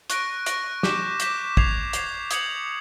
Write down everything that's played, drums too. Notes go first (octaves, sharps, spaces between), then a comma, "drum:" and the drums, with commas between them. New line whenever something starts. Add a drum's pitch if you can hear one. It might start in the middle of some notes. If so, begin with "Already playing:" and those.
C#6 F#6 A#6 D7, drum: hi-hat
C#6 F#6 A#6 D7, drum: hi-hat
D6 G6 B6 E7, drum: snare
D6 G6 B6 E7, drum: hi-hat
G#6 C7 F7, drum: kick
G#6 C7 F7, drum: hi-hat
D#6 G#6 C#7 F#7, drum: hi-hat